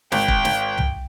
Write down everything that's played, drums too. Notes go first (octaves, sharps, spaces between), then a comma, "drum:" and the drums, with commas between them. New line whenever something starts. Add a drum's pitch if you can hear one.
G#1 G5, drum: snare
drum: kick E1
drum: snare
drum: tom